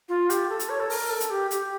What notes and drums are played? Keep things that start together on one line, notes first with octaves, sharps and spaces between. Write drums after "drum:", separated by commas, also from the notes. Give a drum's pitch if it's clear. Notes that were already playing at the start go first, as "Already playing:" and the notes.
F4
G4, drum: hi-hat
A4
drum: hi-hat
C#5
A4
A#4, drum: open hi-hat
A4
drum: hi-hat
G4
G4, drum: hi-hat